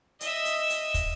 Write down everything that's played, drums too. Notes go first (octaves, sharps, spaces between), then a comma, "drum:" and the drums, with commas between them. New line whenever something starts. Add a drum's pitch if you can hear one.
D#5 E5, drum: hi-hat
drum: hi-hat
drum: hi-hat
drum: kick, hi-hat